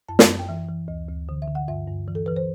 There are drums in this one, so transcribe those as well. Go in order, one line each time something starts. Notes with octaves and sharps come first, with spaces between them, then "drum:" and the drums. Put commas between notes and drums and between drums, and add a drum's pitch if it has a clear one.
F#2 A5
A5, drum: snare
F#2
G5
E3 E5
E3
D2
D2
D3
E5
D3
F#5
G2 E5
G2
E3
A4
E3 B4
C5